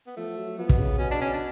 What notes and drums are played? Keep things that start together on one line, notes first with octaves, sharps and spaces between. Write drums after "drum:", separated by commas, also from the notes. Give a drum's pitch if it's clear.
B3
F3 A3
F#3
F3 B3
B2, drum: kick
C#3
B2 C#4
D4
C#4
D4